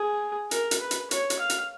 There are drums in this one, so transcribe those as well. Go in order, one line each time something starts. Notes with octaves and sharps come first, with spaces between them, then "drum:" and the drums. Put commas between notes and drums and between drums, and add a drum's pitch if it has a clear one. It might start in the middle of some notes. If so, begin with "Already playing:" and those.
Already playing: G#4
A#4, drum: hi-hat
drum: hi-hat
B4
drum: hi-hat
C#5, drum: hi-hat
drum: hi-hat
F5
drum: hi-hat